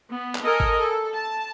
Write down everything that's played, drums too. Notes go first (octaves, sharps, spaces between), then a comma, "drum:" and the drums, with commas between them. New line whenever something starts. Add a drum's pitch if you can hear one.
B3
drum: clap
A4 A#4 D#5 G#5
drum: kick G#1
A4
A5